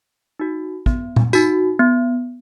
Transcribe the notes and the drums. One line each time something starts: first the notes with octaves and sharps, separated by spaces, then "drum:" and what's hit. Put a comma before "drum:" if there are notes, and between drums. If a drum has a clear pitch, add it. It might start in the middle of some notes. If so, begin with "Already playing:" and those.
D#4 F#4
B3, drum: kick
drum: tom A#2
D#4 F#4, drum: tambourine
B3